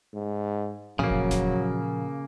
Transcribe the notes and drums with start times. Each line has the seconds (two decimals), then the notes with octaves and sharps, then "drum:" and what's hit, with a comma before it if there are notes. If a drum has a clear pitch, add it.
0.14 G#2
0.99 A#2 C#3 F3 F#3 A#3
1.10 drum: kick E1
1.31 drum: snare E1